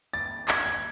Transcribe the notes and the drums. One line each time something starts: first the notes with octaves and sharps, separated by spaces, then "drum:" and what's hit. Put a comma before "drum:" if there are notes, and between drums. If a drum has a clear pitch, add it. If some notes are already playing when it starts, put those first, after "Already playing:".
A6
G#6, drum: clap
G#6